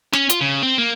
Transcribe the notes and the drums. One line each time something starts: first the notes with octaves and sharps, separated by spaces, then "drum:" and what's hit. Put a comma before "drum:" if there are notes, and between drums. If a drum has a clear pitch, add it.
C#4, drum: snare
F4, drum: hi-hat
C#3
C4
A#3